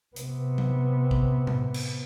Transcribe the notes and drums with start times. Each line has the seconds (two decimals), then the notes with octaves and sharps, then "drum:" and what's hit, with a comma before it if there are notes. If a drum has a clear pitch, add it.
0.16 C3 B3, drum: hi-hat
0.58 drum: tom F#3
1.11 drum: kick
1.47 drum: tom A2
1.74 drum: cymbal